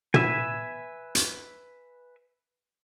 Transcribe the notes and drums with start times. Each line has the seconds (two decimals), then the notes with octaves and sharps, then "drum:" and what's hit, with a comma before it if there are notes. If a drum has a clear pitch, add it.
0.14 B4 E5 G#5, drum: tom
1.15 drum: hi-hat